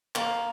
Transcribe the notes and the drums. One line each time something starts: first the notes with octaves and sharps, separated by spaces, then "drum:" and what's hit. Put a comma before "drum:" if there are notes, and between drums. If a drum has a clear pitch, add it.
A#3, drum: clap